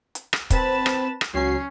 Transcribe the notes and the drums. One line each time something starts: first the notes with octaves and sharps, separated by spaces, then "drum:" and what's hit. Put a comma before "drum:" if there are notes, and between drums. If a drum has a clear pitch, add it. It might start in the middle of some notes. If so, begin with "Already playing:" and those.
drum: hi-hat
drum: rim click
C4 B4 A5 B5 E7, drum: kick, hi-hat
drum: rim click
drum: rim click
C#2 F#3 C#4 C7